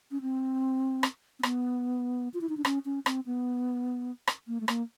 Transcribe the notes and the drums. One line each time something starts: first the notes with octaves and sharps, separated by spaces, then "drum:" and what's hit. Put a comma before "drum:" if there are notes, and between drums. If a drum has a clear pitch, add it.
C#4
C4
drum: rim click
C4
B3, drum: rim click
F4
E4
D#4
D4
C#4, drum: rim click
C#4
C4, drum: rim click
B3
drum: rim click
A#3
A3
A#3, drum: rim click